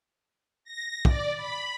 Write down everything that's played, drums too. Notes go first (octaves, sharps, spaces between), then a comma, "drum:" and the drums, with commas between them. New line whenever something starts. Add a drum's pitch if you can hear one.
A#6
D5, drum: kick
B5